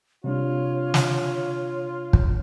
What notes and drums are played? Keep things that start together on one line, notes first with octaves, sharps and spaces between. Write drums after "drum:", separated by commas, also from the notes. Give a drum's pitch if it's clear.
C3 G3 D4 F4 C#5
drum: snare
drum: kick